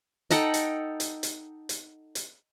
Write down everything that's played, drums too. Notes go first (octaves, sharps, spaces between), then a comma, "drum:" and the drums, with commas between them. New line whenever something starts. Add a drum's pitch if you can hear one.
D#4 A4 F#5 G5, drum: hi-hat
drum: hi-hat
drum: hi-hat
drum: hi-hat
drum: hi-hat
drum: hi-hat